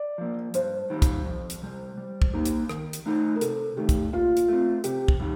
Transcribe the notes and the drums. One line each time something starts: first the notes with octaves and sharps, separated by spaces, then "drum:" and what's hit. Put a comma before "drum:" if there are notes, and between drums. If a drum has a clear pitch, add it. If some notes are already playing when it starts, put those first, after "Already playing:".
Already playing: D5
F3 A#3
G2 C5, drum: hi-hat
D#3 G3
drum: kick, hi-hat
F2
drum: hi-hat
C3 G3
G3
drum: kick
A#3 D#4 G4
drum: hi-hat
D#3, drum: rim click
drum: hi-hat
A3 D#4 A4
A#4
C3 A4, drum: hi-hat
D#3 A3 G4
drum: kick, hi-hat
A#2 F4
drum: hi-hat
A3 C4
C3 G4, drum: hi-hat
drum: kick
D#3 G3